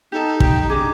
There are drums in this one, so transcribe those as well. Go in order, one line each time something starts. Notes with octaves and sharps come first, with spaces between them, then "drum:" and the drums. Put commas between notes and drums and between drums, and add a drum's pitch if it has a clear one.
D#4 G4 A4 A5
G4 G5, drum: kick
D4 D#4 G#4 D6